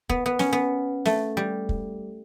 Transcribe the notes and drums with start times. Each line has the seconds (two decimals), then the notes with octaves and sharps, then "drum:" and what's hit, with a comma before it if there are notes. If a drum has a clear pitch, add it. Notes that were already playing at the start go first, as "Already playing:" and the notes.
0.09 B3, drum: kick
0.26 B3
0.39 C#4, drum: snare
0.53 B3
1.05 A3, drum: snare
1.37 G3
1.69 drum: kick